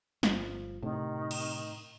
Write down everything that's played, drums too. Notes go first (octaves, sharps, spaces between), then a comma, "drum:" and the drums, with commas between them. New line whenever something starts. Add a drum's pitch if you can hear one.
G1 F3, drum: snare
A2 C3 D#3
drum: cymbal